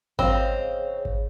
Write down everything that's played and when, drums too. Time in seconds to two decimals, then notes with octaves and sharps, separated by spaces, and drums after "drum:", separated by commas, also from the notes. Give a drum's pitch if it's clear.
0.19 C#3 C4 D#5 F5, drum: kick G#1
1.05 drum: kick G#1